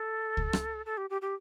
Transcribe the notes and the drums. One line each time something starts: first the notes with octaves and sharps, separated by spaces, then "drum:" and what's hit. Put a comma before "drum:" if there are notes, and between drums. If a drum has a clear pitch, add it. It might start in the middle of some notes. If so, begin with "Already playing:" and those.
Already playing: A4
drum: kick C#2
drum: rim click
A4
G4
G4
G4